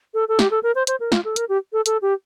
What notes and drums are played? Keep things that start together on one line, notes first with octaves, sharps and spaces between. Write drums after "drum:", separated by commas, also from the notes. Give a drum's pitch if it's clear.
A4
A4
G4, drum: snare
A4
A#4
C5
C5, drum: hi-hat
A#4
F4, drum: snare
A4
A#4, drum: hi-hat
G4
A4
A4, drum: hi-hat
G4